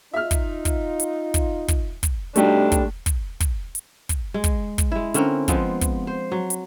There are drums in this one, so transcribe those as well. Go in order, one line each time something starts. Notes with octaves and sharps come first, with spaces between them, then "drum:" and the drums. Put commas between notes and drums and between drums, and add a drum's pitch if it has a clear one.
D#4 F4 E5 F6
drum: kick, hi-hat
drum: kick, hi-hat
drum: hi-hat
drum: kick, hi-hat
drum: kick, hi-hat
drum: kick, hi-hat
A2 C3 G3 A3 D4 D#4 F#4 G4, drum: hi-hat
drum: kick, hi-hat
drum: kick, hi-hat
drum: kick, hi-hat
drum: hi-hat
drum: kick, hi-hat
G#3
drum: kick, hi-hat
drum: kick, hi-hat
G#3 E4
D3 C4 C#4 A#4, drum: hi-hat
F3 G#3 B3 C4, drum: kick, hi-hat
drum: kick, hi-hat
C5
F#3
drum: hi-hat